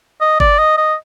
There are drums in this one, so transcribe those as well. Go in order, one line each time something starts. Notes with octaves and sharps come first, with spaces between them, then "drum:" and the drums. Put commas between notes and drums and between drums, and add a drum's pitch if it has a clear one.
D#5
D5, drum: kick G1
D#5
D#5